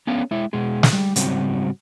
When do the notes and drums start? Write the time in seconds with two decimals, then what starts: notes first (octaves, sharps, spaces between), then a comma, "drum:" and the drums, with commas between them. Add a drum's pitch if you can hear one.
0.07 B3 C#4 D4 A4 F5
0.31 G#3 E4 E5
0.53 B2 G#3 G#4
0.83 drum: snare
0.93 G3
1.16 G#2 C#3 F#3 G3 C4 F#4, drum: hi-hat